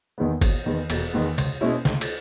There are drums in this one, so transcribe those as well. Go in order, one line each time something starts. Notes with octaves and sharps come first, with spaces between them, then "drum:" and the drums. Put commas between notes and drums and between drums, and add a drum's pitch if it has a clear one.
E2 D#3 G#3 B3
E1, drum: kick G1, cymbal
E2 D#3 G#3 B3
E1, drum: cymbal
E2 D#3 G#3 B3
C#2, drum: cymbal
B2 G#3 C#4 E4
C#2, drum: snare
drum: cymbal